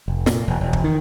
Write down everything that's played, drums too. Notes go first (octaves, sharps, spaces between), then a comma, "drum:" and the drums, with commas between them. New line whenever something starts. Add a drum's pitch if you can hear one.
F1
A#2, drum: snare
E1
E1
drum: kick
D#3